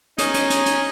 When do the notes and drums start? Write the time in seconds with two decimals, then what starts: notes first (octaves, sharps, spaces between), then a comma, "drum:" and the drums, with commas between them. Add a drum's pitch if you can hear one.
0.18 C#4 D#4 G#4, drum: hi-hat
0.34 drum: hi-hat
0.50 drum: hi-hat
0.66 drum: hi-hat